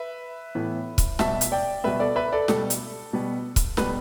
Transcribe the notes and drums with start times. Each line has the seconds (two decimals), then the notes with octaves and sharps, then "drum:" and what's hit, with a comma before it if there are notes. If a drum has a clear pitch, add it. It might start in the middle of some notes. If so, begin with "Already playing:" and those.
Already playing: B4 E5
0.55 A2 E3 B3
0.98 drum: kick, hi-hat
1.19 B2 G3 B3 E5 A5, drum: snare
1.41 drum: hi-hat
1.52 D5 G5
1.84 B2 G3 B3 B4 E5
1.99 A4 D5
2.16 B4 E5
2.32 A4 D5
2.48 B2 G3 B3 A4, drum: snare
2.70 drum: hi-hat
3.13 B2 G3 B3
3.56 drum: kick, hi-hat
3.77 B2 G3 B3 B4, drum: snare